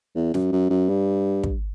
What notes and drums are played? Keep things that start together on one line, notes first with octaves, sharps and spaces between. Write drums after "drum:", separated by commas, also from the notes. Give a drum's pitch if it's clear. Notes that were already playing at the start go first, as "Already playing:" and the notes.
E2
F#2, drum: snare
F#2
F#2
G2
drum: kick